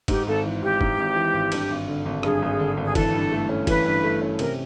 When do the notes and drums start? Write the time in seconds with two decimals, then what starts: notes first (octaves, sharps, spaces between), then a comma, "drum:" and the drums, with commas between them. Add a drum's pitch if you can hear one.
0.08 G#2 G4, drum: kick F#1, cymbal
0.27 G#1 A4
0.44 E3
0.62 G#1 G4
0.81 G#2, drum: kick F#1
0.98 G#1
1.16 E3
1.34 G#1
1.52 G2, drum: cymbal
1.70 G#1
1.88 D3
2.06 G#1
2.19 A4
2.23 G2 G#4, drum: rim click
2.42 G#1
2.59 D3
2.77 G#1
2.84 G#4
2.95 E3 A4, drum: kick F#1, cymbal
3.14 G2
3.32 A3
3.49 C#4
3.67 E3 B4, drum: kick F#1, cymbal
3.86 G2
4.03 A3
4.22 C#4
4.39 C3 A#4, drum: cymbal